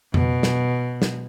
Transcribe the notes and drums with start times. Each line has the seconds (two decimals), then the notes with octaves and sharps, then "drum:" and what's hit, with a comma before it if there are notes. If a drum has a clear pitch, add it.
0.14 B2, drum: tom F2
0.43 drum: snare
1.02 drum: snare